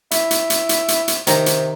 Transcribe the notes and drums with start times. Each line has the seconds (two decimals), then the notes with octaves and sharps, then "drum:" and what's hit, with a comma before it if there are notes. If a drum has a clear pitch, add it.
0.11 E4, drum: hi-hat
0.31 drum: hi-hat
0.50 drum: hi-hat
0.69 drum: hi-hat
0.88 drum: hi-hat
1.08 drum: hi-hat
1.27 C3 D#3 A#5, drum: hi-hat
1.46 drum: hi-hat